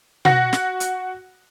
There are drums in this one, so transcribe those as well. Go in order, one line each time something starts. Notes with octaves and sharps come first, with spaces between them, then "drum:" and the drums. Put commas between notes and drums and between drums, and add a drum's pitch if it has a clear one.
F#4 F#5 A#6, drum: tom B2
drum: snare
drum: hi-hat